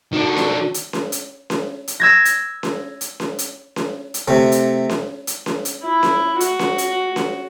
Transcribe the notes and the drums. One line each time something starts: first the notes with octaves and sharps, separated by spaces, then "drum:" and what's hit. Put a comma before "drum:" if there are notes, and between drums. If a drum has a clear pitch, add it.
D#3 D4 F#4
drum: snare C#4
drum: hi-hat
drum: snare C#4
drum: hi-hat
drum: snare C#4
drum: hi-hat
E6 G#6 A#6
drum: hi-hat
drum: snare C#4
drum: hi-hat
drum: snare C#4
drum: hi-hat
drum: snare C#4
drum: hi-hat
C3 A3
drum: hi-hat
drum: snare C#4
drum: hi-hat
drum: snare C#4
drum: hi-hat
E4
drum: snare C#4
F#4, drum: hi-hat
drum: snare C#4
drum: hi-hat
drum: snare C#4